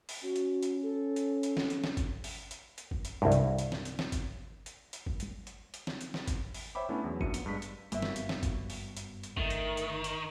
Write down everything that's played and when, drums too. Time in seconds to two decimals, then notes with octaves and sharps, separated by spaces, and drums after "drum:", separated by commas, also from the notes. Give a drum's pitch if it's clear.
0.09 drum: open hi-hat
0.23 C#4 F#4
0.36 drum: hi-hat
0.63 drum: hi-hat
0.83 A4
1.16 drum: hi-hat
1.43 drum: hi-hat
1.57 drum: snare
1.70 drum: hi-hat
1.84 drum: snare
1.97 drum: kick G1, hi-hat
2.24 drum: open hi-hat
2.51 drum: hi-hat
2.78 drum: hi-hat
2.91 drum: kick G1
3.05 drum: hi-hat
3.22 C2 G2
3.32 drum: hi-hat
3.58 drum: hi-hat
3.72 drum: snare
3.85 drum: hi-hat
3.99 drum: snare
4.12 drum: kick G1, hi-hat
4.66 drum: hi-hat
4.93 drum: hi-hat
5.06 drum: kick G1
5.20 drum: hi-hat
5.47 drum: hi-hat
5.74 drum: hi-hat
5.87 drum: snare
6.01 drum: hi-hat
6.14 drum: snare
6.28 drum: kick G1, hi-hat
6.54 drum: open hi-hat
6.75 C5 C#5 E5 G5 B5 D6
6.89 A3 B3 C#4 D4 E4
7.04 E2 F#3
7.21 A#1 F#2 A#3 D4 C#7 D#7, drum: kick G1
7.34 B3, drum: hi-hat
7.46 G2 G#3 B6
7.62 drum: hi-hat
7.92 F#1 G2 B2 G3 A#3 E5, drum: hi-hat
8.02 drum: snare
8.16 drum: hi-hat
8.29 drum: snare
8.43 drum: kick G1, hi-hat
8.70 drum: open hi-hat
8.97 drum: hi-hat
9.23 drum: hi-hat
9.37 G1 D#3 A3, drum: kick G1
9.50 drum: hi-hat
9.77 drum: hi-hat
10.04 drum: hi-hat